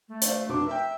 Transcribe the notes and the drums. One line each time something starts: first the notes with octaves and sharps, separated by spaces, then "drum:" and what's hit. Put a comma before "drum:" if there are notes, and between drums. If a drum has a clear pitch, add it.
A3
C5 D5 F5, drum: hi-hat
F1 D4 F#4 D6
A#4 E5 G5